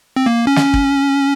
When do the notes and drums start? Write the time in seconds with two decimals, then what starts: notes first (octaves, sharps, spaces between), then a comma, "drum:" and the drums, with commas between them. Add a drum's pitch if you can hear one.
0.16 C4
0.26 A#3
0.47 C#4
0.56 drum: snare
0.74 drum: kick